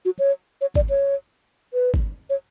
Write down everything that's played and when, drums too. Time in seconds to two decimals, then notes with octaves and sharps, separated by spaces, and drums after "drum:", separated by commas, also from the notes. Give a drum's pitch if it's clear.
0.05 F#4
0.19 C#5
0.61 C#5
0.75 D5, drum: kick
0.90 C#5
1.73 B4
1.94 drum: kick
2.30 C#5